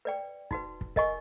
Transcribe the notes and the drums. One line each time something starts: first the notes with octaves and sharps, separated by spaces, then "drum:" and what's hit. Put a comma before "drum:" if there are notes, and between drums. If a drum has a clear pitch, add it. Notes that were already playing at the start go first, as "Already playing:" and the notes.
B4 D5 G5
D#4 F#4 B4, drum: kick
drum: kick
A#4 D#5 G#5 C#6, drum: kick